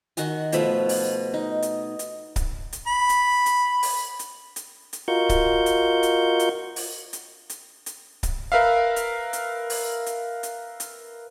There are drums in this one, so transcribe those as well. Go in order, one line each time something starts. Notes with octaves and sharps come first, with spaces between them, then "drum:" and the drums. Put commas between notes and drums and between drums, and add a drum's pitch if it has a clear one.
D#3 F#4 F#5 G#5, drum: hi-hat
B2 F3 A3 B5, drum: hi-hat
drum: open hi-hat
D#4
drum: hi-hat
drum: hi-hat
drum: kick C#1, hi-hat
drum: hi-hat
B5
drum: hi-hat
drum: hi-hat
drum: open hi-hat
drum: hi-hat
drum: hi-hat
drum: hi-hat
F4 F#4 A#4 D#5 C#6 G6
drum: kick C#1, hi-hat
drum: hi-hat
drum: hi-hat
drum: hi-hat
drum: open hi-hat
drum: hi-hat
drum: hi-hat
drum: hi-hat
drum: kick C#1, hi-hat
A#4 B4 E5 F5
drum: hi-hat
drum: hi-hat
drum: open hi-hat
drum: hi-hat
drum: hi-hat
drum: hi-hat